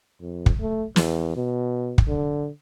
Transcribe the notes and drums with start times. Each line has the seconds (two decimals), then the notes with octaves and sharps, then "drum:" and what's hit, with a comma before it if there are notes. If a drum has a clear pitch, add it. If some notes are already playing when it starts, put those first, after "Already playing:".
0.21 F2
0.46 drum: kick
0.61 A3
0.96 E2, drum: snare
1.36 B2
1.98 drum: kick
2.08 D3